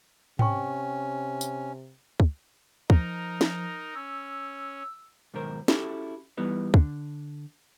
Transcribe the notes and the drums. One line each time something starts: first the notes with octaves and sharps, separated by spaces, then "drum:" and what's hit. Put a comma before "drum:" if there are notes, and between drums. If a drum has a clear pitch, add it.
C3 C#4 G5 C#6, drum: tom G#2
drum: tambourine
drum: kick
F3 D#4 A#4, drum: kick
drum: snare
C#4 E6
B1 G#2 D#3 A#4 C5
C#4 E4 F#4 G4 A4, drum: snare
E3 G3 B3 D#4
D3, drum: kick